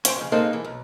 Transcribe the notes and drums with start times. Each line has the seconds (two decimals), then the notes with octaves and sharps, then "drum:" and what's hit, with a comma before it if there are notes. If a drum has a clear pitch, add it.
0.05 C#4 C5 G5 C6, drum: hi-hat
0.16 F2 C#3
0.32 G#3 A#3 C4 D#4 A4 C5
0.53 E3
0.65 B1